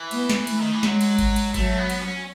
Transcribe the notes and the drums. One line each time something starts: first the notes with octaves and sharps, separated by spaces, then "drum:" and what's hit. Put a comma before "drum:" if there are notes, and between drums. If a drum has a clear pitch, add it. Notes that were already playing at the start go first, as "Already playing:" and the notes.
Already playing: E3
B3, drum: cymbal
drum: snare
A3, drum: cymbal
D#3
E3
F#3 G#3, drum: snare
drum: cymbal
drum: kick G#1, cymbal
drum: cymbal
F#3 A3, drum: kick G#1, cymbal
B3
drum: cymbal
C#4